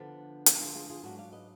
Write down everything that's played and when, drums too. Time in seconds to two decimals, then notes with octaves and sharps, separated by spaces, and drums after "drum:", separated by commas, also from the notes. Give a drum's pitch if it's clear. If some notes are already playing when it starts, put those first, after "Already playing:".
Already playing: D3 F3 B3 D4
0.46 F#4 A#4, drum: hi-hat
0.61 F4 G#4
0.75 F4 G#4
0.90 F4 G#4
1.03 G#2 F#3 D4 F#4 A#4
1.18 D5 F5
1.32 B4 D#5